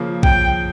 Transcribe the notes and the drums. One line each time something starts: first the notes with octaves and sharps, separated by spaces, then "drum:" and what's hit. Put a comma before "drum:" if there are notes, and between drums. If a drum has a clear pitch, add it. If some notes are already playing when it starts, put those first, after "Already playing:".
Already playing: C#3 F3 A#3
G5, drum: kick A#1